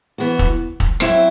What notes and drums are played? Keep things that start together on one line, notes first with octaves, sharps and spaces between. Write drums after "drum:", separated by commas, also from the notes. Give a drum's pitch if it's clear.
E3 B3 F#4
drum: kick
drum: kick
F#3 C4 E4, drum: rim click